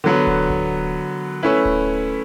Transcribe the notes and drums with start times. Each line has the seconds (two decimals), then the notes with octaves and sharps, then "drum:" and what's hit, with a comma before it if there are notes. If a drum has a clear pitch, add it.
0.04 D3 F#3 B3
0.27 drum: kick D1
0.50 drum: kick D1
1.43 A3 C#4 E4 B4
1.65 drum: kick D1